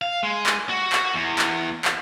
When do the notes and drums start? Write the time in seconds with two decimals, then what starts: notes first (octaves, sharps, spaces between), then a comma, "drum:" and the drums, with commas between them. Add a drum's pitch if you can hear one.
0.02 F5
0.23 G#3
0.46 drum: clap
0.69 F#4
0.92 drum: clap
1.14 E2
1.39 drum: clap
1.85 drum: clap